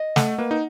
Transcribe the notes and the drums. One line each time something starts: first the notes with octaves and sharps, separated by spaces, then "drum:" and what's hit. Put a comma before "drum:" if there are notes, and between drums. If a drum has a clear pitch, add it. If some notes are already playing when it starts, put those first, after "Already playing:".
Already playing: D#5
A3 F#5, drum: snare
A#3 B4
D#4